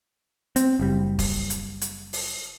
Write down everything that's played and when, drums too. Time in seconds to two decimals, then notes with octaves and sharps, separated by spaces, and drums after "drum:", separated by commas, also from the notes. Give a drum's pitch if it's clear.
0.56 C4, drum: hi-hat
0.79 F#1 G3
1.19 drum: kick, open hi-hat
1.50 drum: hi-hat
1.81 drum: hi-hat
2.13 drum: open hi-hat